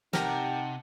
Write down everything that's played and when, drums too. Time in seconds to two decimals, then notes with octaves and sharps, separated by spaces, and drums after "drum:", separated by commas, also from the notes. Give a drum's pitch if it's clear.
0.13 C3 D#4 G4 A#4 F#5 A5, drum: snare